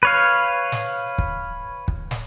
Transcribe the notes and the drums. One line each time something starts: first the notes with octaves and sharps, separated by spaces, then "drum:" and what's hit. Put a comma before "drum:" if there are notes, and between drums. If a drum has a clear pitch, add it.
B4 C#5 F5
drum: snare
drum: kick
drum: kick
drum: snare